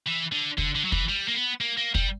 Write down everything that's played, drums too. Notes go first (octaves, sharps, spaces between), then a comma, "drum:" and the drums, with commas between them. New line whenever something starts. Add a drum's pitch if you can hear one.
E3
D3
D3, drum: kick
D3
F#3
E3, drum: kick
G3
A#3
B3
A#3
A#3
G3, drum: kick